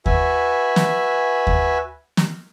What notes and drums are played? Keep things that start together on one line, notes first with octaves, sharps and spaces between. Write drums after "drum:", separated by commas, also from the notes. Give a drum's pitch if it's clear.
F#4 B4 E5 G#5, drum: kick D#2
drum: snare
drum: kick D#2
drum: snare